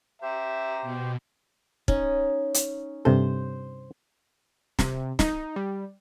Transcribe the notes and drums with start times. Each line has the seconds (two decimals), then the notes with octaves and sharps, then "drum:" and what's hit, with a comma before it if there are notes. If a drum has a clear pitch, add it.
0.22 G4 C5 E5 A#5
0.82 B2
1.88 C#4 D#4, drum: kick
2.54 drum: hi-hat
3.05 G2 C3 A4 C5
4.79 C3, drum: snare
5.19 D#4, drum: snare
5.56 G3